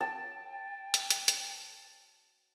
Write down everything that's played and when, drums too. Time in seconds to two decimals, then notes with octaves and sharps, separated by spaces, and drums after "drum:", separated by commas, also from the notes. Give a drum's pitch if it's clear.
0.01 G5 A5
0.94 drum: hi-hat
1.10 drum: hi-hat
1.28 drum: hi-hat